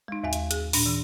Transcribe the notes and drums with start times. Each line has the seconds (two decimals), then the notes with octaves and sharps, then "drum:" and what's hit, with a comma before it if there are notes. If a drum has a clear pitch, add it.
0.08 G#3 D#4
0.23 D#2 G#2 F5 G#5
0.33 drum: hi-hat
0.51 G#4, drum: hi-hat
0.73 A#2 D4 A#6, drum: open hi-hat
0.86 E3